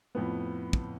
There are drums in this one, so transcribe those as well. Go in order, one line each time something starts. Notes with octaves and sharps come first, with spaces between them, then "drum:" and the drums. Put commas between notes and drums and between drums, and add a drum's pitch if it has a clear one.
F2 A2 B3
drum: kick